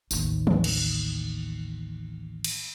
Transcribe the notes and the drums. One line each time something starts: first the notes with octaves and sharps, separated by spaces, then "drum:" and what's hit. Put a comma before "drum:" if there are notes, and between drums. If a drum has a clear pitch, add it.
A1 D#2, drum: tambourine
drum: tom D#3
drum: cymbal
drum: cymbal